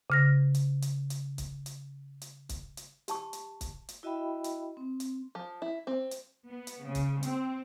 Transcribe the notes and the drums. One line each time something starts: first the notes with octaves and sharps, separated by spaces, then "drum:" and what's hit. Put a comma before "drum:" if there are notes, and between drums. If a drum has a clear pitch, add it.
C#3 F6 A#6
drum: hi-hat
drum: hi-hat
drum: hi-hat
drum: kick, hi-hat
drum: hi-hat
drum: hi-hat
drum: kick, hi-hat
drum: hi-hat
G4 A5 C#6, drum: hi-hat
drum: hi-hat
drum: kick, hi-hat
drum: hi-hat
E4 F#4 D#5 E5 G5 B5
drum: hi-hat
C4
drum: hi-hat
F3
E4
C4
drum: hi-hat
B3
drum: hi-hat
C#3
drum: kick, hi-hat
C4, drum: hi-hat